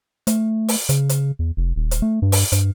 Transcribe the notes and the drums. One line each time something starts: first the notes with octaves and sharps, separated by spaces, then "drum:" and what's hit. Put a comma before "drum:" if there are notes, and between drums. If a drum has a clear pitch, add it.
A3, drum: hi-hat
drum: open hi-hat
C#3, drum: hi-hat
drum: hi-hat
E2
F1
D#1
drum: hi-hat
A3
G2
drum: open hi-hat
G2, drum: hi-hat